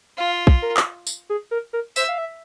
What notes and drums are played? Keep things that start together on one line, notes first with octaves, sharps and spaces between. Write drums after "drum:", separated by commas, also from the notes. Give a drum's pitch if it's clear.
F4 F5
drum: kick
A#4
drum: clap
drum: tambourine
G#4
A#4
A#4
C5 E5, drum: tambourine
F5
E5